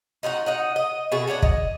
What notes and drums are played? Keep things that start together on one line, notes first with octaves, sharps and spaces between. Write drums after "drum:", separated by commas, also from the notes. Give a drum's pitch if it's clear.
D#4 F4 F#4 F#5
D#4 D#5 F#5
D#5
B2 A3 F#4 G#4
D4 C#5 F#5 A5
D#5, drum: kick